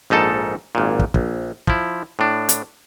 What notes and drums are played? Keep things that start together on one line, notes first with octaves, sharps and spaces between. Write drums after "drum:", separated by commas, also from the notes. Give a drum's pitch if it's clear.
A#1 G#2 D#4 A4 A5
G#1 A#2
drum: kick
A#1, drum: kick
F3 E4, drum: kick
A2 D4
drum: hi-hat